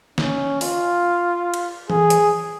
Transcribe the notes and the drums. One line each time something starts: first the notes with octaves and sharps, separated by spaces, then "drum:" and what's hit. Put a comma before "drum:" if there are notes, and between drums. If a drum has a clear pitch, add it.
C#4, drum: snare
F4, drum: open hi-hat
drum: cymbal
G#4, drum: tom E3
drum: hi-hat